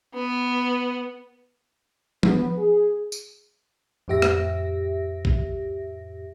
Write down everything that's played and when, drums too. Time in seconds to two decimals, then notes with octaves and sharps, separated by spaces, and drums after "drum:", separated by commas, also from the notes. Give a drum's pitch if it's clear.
0.15 B3
2.23 B3, drum: tom F3
2.57 G#4
3.12 drum: tambourine
4.08 F2 A2 G4 E5 A#6
4.22 drum: rim click
5.25 drum: kick A#1